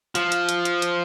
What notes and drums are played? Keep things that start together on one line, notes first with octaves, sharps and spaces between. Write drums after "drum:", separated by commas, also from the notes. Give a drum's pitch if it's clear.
F3, drum: hi-hat
drum: hi-hat
drum: hi-hat
drum: hi-hat
drum: hi-hat